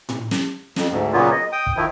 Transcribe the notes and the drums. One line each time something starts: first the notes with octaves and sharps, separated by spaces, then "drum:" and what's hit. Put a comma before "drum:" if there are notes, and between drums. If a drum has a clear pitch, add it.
drum: tom A2
drum: snare
F2, drum: snare
D2 G#2
A#2 C#3 F#3 A#3 B3 F4
D#5
G5 D#6
drum: kick
D#3 F3 E4